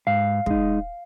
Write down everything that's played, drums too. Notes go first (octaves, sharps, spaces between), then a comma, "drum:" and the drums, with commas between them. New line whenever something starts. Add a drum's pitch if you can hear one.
G#2 F5
G#3 D#4, drum: kick